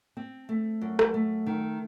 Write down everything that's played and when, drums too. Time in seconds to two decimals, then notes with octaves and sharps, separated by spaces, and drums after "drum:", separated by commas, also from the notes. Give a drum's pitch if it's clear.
0.17 C4
0.49 A3
0.81 F#2
0.99 drum: rim click
1.14 A3
1.46 D#3